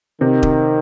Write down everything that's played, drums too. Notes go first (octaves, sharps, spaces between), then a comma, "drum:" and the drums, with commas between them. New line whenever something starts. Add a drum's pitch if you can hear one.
C3 D#3
drum: kick D#1